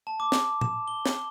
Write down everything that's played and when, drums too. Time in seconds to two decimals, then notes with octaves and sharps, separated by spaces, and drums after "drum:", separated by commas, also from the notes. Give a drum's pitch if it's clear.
0.07 A5
0.20 D6
0.32 drum: snare
0.61 E7, drum: tom A2
0.88 G7
1.06 drum: snare